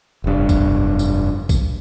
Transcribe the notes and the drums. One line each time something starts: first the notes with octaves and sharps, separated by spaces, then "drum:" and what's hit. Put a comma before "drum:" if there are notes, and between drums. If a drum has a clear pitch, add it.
F1 G2
drum: kick, tambourine
drum: tambourine
drum: kick, tambourine